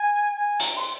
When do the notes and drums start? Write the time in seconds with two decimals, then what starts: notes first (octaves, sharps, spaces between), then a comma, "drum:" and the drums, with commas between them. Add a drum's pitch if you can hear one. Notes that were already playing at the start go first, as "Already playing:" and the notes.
Already playing: G#5
0.36 G#5
0.60 A#5, drum: hi-hat
0.76 C6